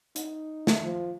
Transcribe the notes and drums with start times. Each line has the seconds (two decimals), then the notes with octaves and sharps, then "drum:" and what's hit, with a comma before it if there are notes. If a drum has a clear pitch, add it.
0.16 D#4, drum: hi-hat
0.67 drum: snare
0.83 F3